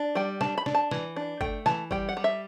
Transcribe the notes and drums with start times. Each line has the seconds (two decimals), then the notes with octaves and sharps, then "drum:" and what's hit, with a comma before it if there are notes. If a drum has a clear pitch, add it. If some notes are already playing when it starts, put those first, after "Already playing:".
Already playing: D4
0.15 G3 G5
0.41 D4 A5, drum: snare
0.58 B5
0.66 D4, drum: snare
0.75 A5
0.91 E3, drum: snare
1.16 D4
1.41 A3 G5, drum: kick G1
1.66 E3 A5, drum: snare
1.91 G3 G5, drum: kick G1
2.09 F#5
2.17 G3
2.24 E5